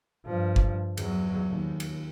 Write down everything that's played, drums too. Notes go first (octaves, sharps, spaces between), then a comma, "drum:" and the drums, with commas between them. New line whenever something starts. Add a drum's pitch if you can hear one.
G2 F3
drum: kick
E2 F#3, drum: cymbal
D#2
drum: cymbal